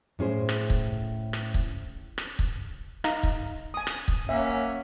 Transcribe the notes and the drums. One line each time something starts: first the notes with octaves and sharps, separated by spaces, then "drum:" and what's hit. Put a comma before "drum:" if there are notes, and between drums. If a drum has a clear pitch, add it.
A2 C#4 G#4 C5
drum: rim click
drum: kick
drum: rim click
drum: kick
drum: rim click
drum: kick
D#4 F5 A#5, drum: rim click
drum: kick
G#5 D#6
drum: rim click
drum: kick
A#3 C#4 E5 F#5